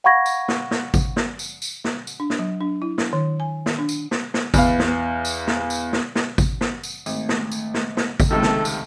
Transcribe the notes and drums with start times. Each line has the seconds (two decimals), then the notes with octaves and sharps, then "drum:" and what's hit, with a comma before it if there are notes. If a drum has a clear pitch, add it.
0.04 F5 F#5 B5 C#6 G#6 A#6
0.26 drum: tambourine
0.48 drum: snare
0.71 drum: snare
0.94 drum: kick G#1, tambourine
1.16 drum: snare
1.39 drum: tambourine
1.62 drum: tambourine
1.84 drum: snare
2.07 drum: tambourine
2.20 D4
2.30 drum: snare
2.39 F#3
2.61 D4
2.82 E4
2.98 drum: snare
3.13 D#3
3.40 G#5
3.66 drum: snare
3.79 D4
3.89 drum: tambourine
4.11 drum: snare
4.34 drum: snare
4.54 E2 B4 F5, drum: kick G#1, tambourine
4.79 drum: snare
5.25 drum: tambourine
5.47 drum: snare
5.70 drum: tambourine
5.93 drum: snare
6.15 drum: snare
6.38 drum: kick G#1, tambourine
6.61 drum: snare
6.84 drum: tambourine
7.06 G#1 A3, drum: tambourine
7.29 drum: snare
7.52 drum: tambourine
7.74 drum: snare
7.97 drum: snare
8.20 drum: kick G#1, tambourine
8.31 C#2 C3 D#3 G#3 A3 A4
8.42 drum: snare
8.65 drum: tambourine